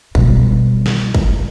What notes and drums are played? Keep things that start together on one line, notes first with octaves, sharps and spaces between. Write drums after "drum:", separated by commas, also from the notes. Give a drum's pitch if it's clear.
B2 G3, drum: kick
drum: snare
drum: kick